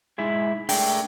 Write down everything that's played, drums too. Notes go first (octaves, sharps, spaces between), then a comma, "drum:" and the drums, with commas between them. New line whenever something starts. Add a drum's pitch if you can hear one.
G#3 D#4 E4 G#4
A3 D4 G#4 A#4 G5, drum: open hi-hat